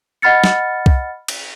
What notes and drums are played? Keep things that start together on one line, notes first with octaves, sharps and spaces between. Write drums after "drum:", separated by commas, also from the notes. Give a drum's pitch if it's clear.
D#5 F#5 B5 F6 A6 C#7
drum: snare
drum: kick C2
drum: cymbal